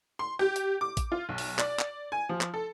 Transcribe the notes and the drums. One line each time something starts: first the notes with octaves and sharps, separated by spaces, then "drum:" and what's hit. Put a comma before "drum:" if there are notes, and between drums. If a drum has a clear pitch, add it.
C6
G4
drum: hi-hat
D6
drum: kick A1, hi-hat
F4
B1
drum: open hi-hat
D5, drum: clap
drum: clap
G#5
F3
drum: clap
A4